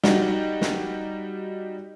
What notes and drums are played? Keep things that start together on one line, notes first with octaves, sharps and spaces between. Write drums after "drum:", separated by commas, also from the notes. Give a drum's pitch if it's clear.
G3 D#4 F#4 G4, drum: snare
drum: snare